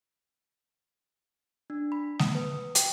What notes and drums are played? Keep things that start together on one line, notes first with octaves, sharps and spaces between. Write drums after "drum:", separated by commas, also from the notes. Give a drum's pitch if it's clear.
D4
B5
D#6, drum: snare G#3
B4
G5, drum: hi-hat